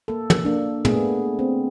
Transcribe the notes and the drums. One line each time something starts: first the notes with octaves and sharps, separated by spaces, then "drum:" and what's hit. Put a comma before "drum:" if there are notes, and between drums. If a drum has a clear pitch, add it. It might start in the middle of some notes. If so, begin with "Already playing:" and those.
A#3 A4
drum: tom
A#3 D4
A3 B3 G#4, drum: tom
C4